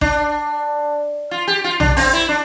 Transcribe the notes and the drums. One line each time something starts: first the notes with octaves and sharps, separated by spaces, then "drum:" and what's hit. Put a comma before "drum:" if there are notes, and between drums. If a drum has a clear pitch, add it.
D4, drum: kick A1
F4
G4
F4
D4, drum: tom
C4, drum: open hi-hat
E4
D4